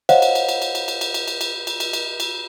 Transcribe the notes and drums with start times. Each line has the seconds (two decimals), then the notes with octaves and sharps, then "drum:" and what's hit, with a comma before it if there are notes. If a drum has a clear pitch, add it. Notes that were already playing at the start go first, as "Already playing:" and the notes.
0.09 C5 C#5 D#5 F5 F#5, drum: cymbal
0.22 drum: cymbal
0.35 drum: cymbal
0.49 drum: cymbal
0.62 drum: cymbal
0.75 drum: cymbal
0.88 drum: cymbal
1.01 drum: cymbal
1.14 drum: cymbal
1.28 drum: cymbal
1.41 drum: cymbal
1.67 drum: cymbal
1.80 drum: cymbal
1.93 drum: cymbal
2.20 drum: cymbal